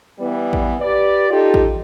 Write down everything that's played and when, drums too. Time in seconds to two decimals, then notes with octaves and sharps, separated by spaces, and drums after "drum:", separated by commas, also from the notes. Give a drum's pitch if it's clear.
0.19 E3 G3 B3
0.53 drum: kick A1
0.81 G4 B4 D5
1.30 D#4 F4 G4 A4
1.54 drum: kick A1